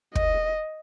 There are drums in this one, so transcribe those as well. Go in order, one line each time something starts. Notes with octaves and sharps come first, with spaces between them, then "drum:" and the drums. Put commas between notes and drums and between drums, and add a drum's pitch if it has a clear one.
D#5, drum: kick